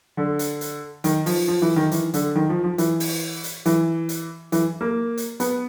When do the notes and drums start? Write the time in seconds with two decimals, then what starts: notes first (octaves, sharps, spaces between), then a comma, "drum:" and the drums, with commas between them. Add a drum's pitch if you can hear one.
0.17 D3
0.39 drum: hi-hat
0.61 drum: hi-hat
1.04 D#3, drum: hi-hat
1.26 F3, drum: open hi-hat
1.48 F3
1.62 E3
1.76 D#3
1.92 E3, drum: hi-hat
2.14 D3, drum: hi-hat
2.35 D#3
2.50 F3
2.64 F3
2.78 E3, drum: hi-hat
3.00 drum: open hi-hat
3.44 drum: hi-hat
3.66 E3, drum: hi-hat
4.09 drum: hi-hat
4.52 E3, drum: hi-hat
4.81 A#3
5.17 drum: hi-hat
5.40 B3, drum: hi-hat